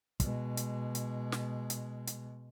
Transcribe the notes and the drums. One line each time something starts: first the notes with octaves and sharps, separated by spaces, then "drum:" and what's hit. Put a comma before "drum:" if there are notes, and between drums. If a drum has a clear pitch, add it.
B2 G#3, drum: kick, hi-hat
drum: hi-hat
drum: hi-hat
drum: snare
drum: hi-hat
drum: hi-hat